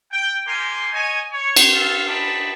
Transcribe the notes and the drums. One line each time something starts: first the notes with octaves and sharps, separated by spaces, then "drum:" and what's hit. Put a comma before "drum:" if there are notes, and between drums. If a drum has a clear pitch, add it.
G5
A#3 G4 A#4 G#5 C6
C#5 D#5 G#5
C#5
drum: cymbal
A4 F5
A3 D#4 D5 A5 B5